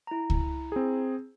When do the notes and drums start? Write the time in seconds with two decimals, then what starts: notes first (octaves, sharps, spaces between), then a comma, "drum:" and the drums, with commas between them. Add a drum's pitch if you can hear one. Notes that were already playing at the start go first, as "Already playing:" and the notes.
0.07 E4 A#5
0.30 drum: kick C#2
0.72 C4 G#4